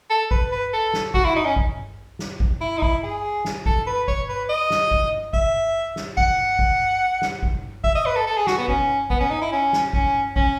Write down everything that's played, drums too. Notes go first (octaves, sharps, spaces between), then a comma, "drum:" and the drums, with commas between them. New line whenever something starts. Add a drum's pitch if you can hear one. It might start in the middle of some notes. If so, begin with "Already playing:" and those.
A4
B4, drum: kick G#1
B4
A4
drum: snare
F#4, drum: kick G#1
E4
D#4
C#4
drum: kick G#1
drum: snare
drum: kick G#1
E4
D#4
E4, drum: kick G#1
G#4
drum: snare
A4, drum: kick G#1
B4
C#5, drum: kick G#1
B4
D#5
drum: snare
drum: kick G#1
E5, drum: kick G#1
drum: snare
F#5, drum: kick G#1
drum: kick G#1
drum: snare
drum: kick G#1
E5, drum: kick G#1
D#5
B4
A4
A4
G#4
F#4, drum: snare
B3
C#4, drum: kick G#1
B3, drum: kick G#1
C#4
D#4
E4
C#4
drum: snare
C#4, drum: kick G#1
C#4, drum: kick G#1